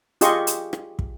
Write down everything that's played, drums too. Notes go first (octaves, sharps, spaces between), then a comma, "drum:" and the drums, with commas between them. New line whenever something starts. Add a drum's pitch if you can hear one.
F4 G4 G#4 D#5 C6 C#6, drum: hi-hat
drum: hi-hat
drum: rim click
drum: kick